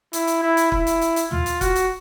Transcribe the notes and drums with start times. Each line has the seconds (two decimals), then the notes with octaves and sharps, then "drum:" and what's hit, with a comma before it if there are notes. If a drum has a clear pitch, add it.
0.13 E4, drum: hi-hat
0.27 drum: hi-hat
0.43 E4
0.57 drum: hi-hat
0.72 E4, drum: kick
0.87 drum: hi-hat
1.01 drum: hi-hat
1.16 drum: hi-hat
1.31 F4, drum: tom
1.46 drum: hi-hat
1.61 F#4, drum: kick, hi-hat
1.76 drum: hi-hat